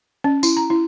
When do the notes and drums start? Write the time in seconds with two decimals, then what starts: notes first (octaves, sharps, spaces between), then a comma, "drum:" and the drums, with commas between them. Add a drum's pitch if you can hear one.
0.24 C#4
0.43 E4, drum: tambourine
0.57 A#5
0.70 E4